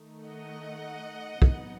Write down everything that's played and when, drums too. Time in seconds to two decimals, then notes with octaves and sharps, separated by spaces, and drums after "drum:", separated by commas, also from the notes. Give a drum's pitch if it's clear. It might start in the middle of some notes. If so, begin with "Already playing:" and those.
Already playing: D#3 A3 D#4
0.24 D#5 F#5
1.42 C3 F#3 B3 D#4, drum: kick